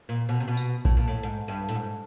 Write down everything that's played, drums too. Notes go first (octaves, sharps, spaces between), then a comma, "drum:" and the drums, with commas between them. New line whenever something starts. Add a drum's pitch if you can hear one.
A#2
B2
C3
B2
drum: tambourine
A2, drum: kick A#1
A#2
A2
G#2
G2
A2, drum: hi-hat
G#2